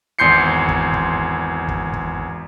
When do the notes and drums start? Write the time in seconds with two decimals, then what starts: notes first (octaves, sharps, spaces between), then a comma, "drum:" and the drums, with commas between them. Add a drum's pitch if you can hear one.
0.19 G#1 E2 C6 G6 C7 C#7
0.69 drum: kick
0.94 drum: kick
1.68 drum: kick
1.93 drum: kick